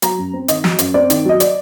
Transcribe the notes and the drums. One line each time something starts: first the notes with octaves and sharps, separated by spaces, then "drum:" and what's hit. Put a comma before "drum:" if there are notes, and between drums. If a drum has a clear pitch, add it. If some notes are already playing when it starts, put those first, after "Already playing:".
F#3 A#5, drum: hi-hat
F#2
C4
D#3 D#5, drum: hi-hat
F#3, drum: snare
F#2, drum: hi-hat
C4 D5
D#3, drum: hi-hat
F#3 D#5
D5, drum: hi-hat